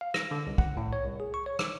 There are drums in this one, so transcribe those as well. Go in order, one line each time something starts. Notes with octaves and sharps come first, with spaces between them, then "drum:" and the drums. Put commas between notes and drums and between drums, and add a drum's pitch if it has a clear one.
F5
A#6, drum: rim click
D3
C2
F#5, drum: kick
A2
C#5
C2
G#4
C#6
C#5
D6, drum: rim click